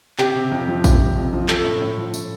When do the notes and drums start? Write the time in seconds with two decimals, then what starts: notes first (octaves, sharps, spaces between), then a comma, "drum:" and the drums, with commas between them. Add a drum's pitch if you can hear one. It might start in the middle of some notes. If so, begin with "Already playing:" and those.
0.18 C3 G4, drum: clap
0.36 C3
0.52 F2
0.68 F3
0.84 C3, drum: kick A#1, tambourine
1.00 C3
1.16 F2
1.33 F3
1.48 F3 A4, drum: clap
1.64 A2
1.81 A2
1.98 F3
2.14 A2, drum: tambourine